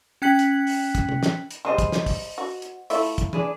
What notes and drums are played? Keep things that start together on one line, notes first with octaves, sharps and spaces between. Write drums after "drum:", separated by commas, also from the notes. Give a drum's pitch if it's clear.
C#4 G5 F#6 B6 C#7 F#7
drum: hi-hat
drum: open hi-hat
drum: kick, hi-hat
drum: tom C3
drum: snare
drum: hi-hat
G3 G#3 C5 D#5
drum: kick, hi-hat
drum: snare
drum: kick, open hi-hat
F#4
drum: hi-hat
A3 E4 F4, drum: open hi-hat
drum: kick, hi-hat
D4 G#4 B4, drum: tom